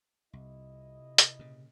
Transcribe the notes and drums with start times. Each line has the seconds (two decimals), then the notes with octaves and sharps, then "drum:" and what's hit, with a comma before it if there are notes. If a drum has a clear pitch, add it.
0.33 C2 F2 C3 E4 D#5
1.18 drum: hi-hat
1.39 A#2 C#3